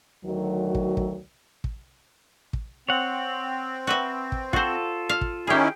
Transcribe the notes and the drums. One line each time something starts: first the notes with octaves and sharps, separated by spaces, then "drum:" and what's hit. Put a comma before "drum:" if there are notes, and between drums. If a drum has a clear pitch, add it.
D2 D#3 F#3
drum: kick
drum: kick
drum: kick
drum: kick
C4 C#5 F#5
F#4 B4 E5
drum: kick
F4 F#4 A4 C5, drum: kick
F5
drum: kick
D#3 C#4 E4 G4 G#4